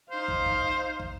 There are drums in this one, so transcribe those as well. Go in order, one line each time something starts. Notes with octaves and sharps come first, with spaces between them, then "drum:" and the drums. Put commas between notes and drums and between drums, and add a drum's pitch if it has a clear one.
D#4 C5 F5
drum: kick
drum: kick
drum: kick